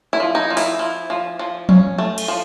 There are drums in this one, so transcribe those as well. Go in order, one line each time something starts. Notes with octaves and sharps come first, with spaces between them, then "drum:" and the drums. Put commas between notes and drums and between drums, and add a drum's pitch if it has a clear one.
E4
F3
D#4
F3
E4, drum: open hi-hat
F3
F3
F3
C#4, drum: tom F3
A3
drum: cymbal
F3